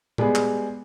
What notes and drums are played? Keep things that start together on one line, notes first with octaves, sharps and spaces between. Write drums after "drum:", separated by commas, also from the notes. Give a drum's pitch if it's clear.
G3 G#3 B3 G#4, drum: tom
drum: clap